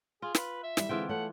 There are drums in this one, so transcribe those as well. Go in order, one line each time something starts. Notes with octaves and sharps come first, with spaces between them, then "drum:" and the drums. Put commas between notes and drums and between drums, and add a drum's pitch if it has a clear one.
F4 G#4
B4, drum: snare
E5
E3 G3 E4, drum: snare
D3 E3 G#3 C4 F4 G5
A3 C#5 F#5